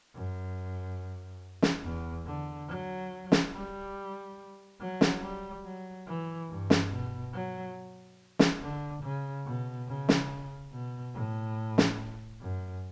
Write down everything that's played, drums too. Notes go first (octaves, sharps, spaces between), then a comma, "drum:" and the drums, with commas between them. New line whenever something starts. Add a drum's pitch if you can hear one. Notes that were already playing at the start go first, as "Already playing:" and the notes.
F#2
drum: snare
E2
D3
F#3
drum: snare
G3
F#3
drum: snare
G3
F#3
E3
G2
drum: snare
B2
F#3
drum: snare
D3
C#3
B2
C#3
drum: snare
B2
A2
drum: snare
F#2